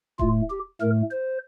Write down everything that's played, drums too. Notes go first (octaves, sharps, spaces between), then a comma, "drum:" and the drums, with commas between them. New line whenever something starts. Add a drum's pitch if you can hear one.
A2 A3 F4, drum: kick D#1
G4
A2 A3 A#4
C5